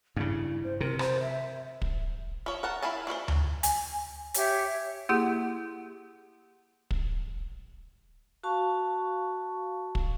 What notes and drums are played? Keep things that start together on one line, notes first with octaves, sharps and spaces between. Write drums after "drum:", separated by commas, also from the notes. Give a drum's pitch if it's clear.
G2 C#3 E4
C5
C3 A#4
C5, drum: rim click
E5
drum: kick
F3 C#5
A#4 F#5 A5
E4 F5 G#5 A5
D4 F#4 B4 C5
drum: tom D2
G#5, drum: hi-hat
G4 C#5 E5, drum: hi-hat
A#3 E4 G4 G#4 F#5
drum: kick
F#4 F5 A5 C#6
drum: kick